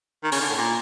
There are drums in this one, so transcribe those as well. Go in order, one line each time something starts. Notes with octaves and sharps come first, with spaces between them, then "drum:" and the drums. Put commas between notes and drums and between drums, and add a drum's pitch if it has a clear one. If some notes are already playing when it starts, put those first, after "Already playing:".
D#3
C#3, drum: open hi-hat
D3
A2
A#2